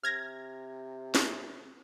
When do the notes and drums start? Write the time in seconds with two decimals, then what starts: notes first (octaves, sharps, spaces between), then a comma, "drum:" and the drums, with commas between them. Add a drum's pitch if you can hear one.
0.04 C3 F6 G#6 A#6
1.15 drum: snare